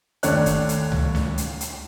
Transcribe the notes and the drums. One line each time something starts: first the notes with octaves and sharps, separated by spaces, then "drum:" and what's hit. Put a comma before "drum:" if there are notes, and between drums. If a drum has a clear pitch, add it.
D#2 A3 D4 C#5 F#6, drum: hi-hat
drum: kick, hi-hat
drum: hi-hat
drum: tom C#2
drum: snare
drum: hi-hat
drum: hi-hat